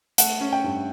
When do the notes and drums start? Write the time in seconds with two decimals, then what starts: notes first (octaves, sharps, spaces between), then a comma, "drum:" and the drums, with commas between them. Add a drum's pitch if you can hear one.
0.18 A3 F#5, drum: hi-hat
0.41 C#4
0.53 G5
0.64 G2